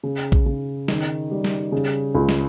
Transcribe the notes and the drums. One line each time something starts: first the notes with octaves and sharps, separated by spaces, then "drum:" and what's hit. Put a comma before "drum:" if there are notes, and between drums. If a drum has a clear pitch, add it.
C#3
drum: kick
C#3
D#3, drum: snare
G3
drum: snare
C#3
C#2
drum: snare